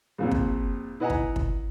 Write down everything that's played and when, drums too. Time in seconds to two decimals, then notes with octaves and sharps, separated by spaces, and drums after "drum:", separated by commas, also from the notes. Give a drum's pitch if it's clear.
0.18 A#1 F2 A#2
0.31 drum: kick
1.00 E4 B4 D#5 F#5 G#5 A#5
1.10 drum: kick
1.36 drum: kick